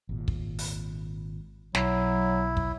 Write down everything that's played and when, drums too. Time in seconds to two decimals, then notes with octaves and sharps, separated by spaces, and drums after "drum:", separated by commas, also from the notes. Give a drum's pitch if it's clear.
0.09 G#1 A#2
0.28 drum: kick
0.59 drum: open hi-hat
1.75 B1 F#3 E4, drum: snare
2.57 drum: kick